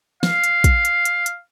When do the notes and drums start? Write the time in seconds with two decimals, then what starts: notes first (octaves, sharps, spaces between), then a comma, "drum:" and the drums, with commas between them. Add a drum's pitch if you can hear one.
0.23 F5, drum: snare
0.44 drum: hi-hat
0.64 drum: kick, hi-hat
0.85 drum: hi-hat
1.05 drum: hi-hat
1.26 drum: hi-hat